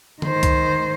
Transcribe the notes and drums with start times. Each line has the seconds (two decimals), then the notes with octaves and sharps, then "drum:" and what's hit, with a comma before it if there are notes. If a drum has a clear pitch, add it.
0.22 D#3 C5, drum: tom D3
0.43 drum: kick C2, hi-hat